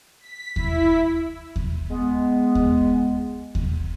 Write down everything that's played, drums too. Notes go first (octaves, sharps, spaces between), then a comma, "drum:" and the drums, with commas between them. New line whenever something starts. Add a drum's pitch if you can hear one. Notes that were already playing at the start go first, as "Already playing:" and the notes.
B6
E4, drum: kick D#2
drum: kick D#2
G#3 B3
drum: kick D#2
drum: kick D#2